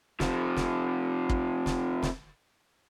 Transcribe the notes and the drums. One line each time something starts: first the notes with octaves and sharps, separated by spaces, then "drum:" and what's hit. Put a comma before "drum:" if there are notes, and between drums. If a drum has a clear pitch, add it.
C3 F3, drum: snare
drum: snare
drum: kick
drum: snare
drum: snare